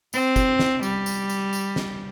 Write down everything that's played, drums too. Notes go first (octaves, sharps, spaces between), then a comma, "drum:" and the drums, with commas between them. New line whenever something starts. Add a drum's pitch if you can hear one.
C4, drum: tambourine
drum: kick, tambourine
drum: snare
G3, drum: tambourine
drum: tambourine
drum: tambourine
drum: tambourine
drum: snare